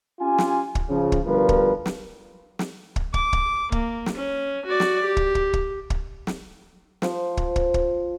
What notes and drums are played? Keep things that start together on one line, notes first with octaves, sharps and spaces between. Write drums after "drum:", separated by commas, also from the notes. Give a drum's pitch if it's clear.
C#4 F4 G4 G#5
drum: snare
drum: kick
C#3 F3
drum: kick
G1 D2 F3 G3 A#4 B4
drum: kick
drum: snare
drum: snare
drum: kick
D6, drum: kick
drum: kick
A#3, drum: kick
drum: snare
C#4
F#4 D5
drum: snare
G4
drum: kick
drum: kick
drum: kick
drum: kick
drum: snare
F3 C5, drum: snare
drum: kick
drum: kick
drum: kick